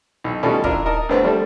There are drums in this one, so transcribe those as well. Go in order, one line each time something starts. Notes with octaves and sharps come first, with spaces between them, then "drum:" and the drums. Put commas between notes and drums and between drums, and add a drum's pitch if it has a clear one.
B1
B2 D#3 G3 A3 C#4 F4
D4 E4 F4 A#4, drum: kick
D#4 A#4 D#5 A5
D2 D3 B3 C4
F3 G3 A3